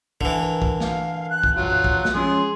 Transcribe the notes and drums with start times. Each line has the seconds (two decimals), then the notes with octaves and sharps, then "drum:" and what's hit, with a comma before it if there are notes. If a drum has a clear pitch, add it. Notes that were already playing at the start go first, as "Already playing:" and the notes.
0.21 D3 E3, drum: kick
0.43 A#4
0.62 drum: kick
0.80 F5, drum: snare
1.30 F#6
1.43 drum: kick
1.56 A#1 F#2 F#3 F4 F#6
1.84 drum: kick
2.05 drum: snare
2.15 F3 G#3 C#4 G#4 C6